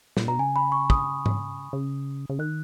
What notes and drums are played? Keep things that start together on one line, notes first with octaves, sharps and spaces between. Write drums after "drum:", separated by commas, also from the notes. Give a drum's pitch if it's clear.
A#2, drum: snare
B2 A#5
C#3 G#5
B5
C#6
D#6, drum: kick
drum: tom G#2
C#3
C#3
D#3 F#6